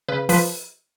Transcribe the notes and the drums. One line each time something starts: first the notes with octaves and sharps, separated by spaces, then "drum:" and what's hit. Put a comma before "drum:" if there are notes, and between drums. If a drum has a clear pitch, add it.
C#3 B4
F3 B4, drum: open hi-hat